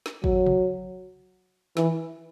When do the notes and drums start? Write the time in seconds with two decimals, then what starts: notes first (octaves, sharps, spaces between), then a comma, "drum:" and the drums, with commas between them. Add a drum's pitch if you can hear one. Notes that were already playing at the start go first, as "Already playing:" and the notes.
0.06 drum: snare
0.24 F#3, drum: kick
0.46 drum: tom C3
1.77 E3, drum: snare